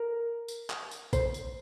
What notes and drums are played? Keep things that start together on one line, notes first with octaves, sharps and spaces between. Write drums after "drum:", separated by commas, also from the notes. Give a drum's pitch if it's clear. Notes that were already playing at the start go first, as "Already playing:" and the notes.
Already playing: A#4
drum: tambourine
drum: clap
drum: tambourine
C5, drum: kick, tambourine
drum: tambourine